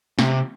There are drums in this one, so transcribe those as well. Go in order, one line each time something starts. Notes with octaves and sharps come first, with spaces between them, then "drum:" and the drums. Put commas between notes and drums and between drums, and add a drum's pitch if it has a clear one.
C3, drum: snare